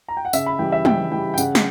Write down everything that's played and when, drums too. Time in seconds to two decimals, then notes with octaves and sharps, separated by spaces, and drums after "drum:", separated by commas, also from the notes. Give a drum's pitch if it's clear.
0.09 A#5
0.17 G5
0.25 F#5
0.33 C#3 E5, drum: tambourine
0.46 B5
0.59 E3 G3 G5
0.72 E5
0.85 C#3 G5, drum: tom
1.12 E3 G3 G5
1.34 G5
1.38 C#3 F#5, drum: tambourine
1.55 drum: snare